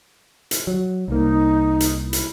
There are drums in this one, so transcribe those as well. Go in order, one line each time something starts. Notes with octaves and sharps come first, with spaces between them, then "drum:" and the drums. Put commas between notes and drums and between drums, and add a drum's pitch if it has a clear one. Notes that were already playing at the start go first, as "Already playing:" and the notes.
drum: hi-hat
F#3
C2 A#3 D#4
drum: hi-hat
E4
drum: hi-hat